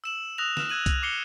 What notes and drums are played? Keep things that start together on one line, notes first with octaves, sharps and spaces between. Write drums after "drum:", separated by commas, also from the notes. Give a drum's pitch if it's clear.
E6 E7 F#7
D#6 E6 F#6 A#6 F7
F6 E7, drum: snare
E6 F#6 G#6 D#7 F#7
drum: kick C2, hi-hat
D6 C7 C#7 G7